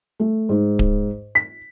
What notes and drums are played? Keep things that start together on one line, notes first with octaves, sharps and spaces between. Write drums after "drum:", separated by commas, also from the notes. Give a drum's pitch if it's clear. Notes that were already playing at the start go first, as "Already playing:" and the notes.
A3
G#2
drum: kick D1
B6